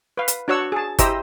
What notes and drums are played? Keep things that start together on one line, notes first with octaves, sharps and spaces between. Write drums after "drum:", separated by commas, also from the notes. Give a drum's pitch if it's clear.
B4 F5
drum: hi-hat
D4 F#4 C#5 F#5 E6
G#4 A5
E4 G4 C5 D#5 A#5 E6, drum: kick G1, hi-hat